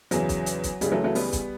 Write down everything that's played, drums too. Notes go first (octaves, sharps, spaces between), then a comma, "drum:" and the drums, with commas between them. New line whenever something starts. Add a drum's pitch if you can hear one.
E2 C#3 E3 F#3, drum: hi-hat
drum: kick, hi-hat
drum: hi-hat
drum: kick, hi-hat
C#2 C#3 E3 G3, drum: hi-hat
F#3 A3
F#3 A3
G3 B3, drum: open hi-hat
drum: kick, hi-hat